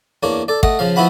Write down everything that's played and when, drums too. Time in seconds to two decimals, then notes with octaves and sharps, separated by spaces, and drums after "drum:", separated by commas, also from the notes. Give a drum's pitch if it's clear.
0.23 E2 A#3 D4 C#5
0.48 A4 D5
0.63 A3 D#5 F#5, drum: kick
0.79 C#3 F3 F5
0.96 F3 B3 E4 F#4 F#5 B5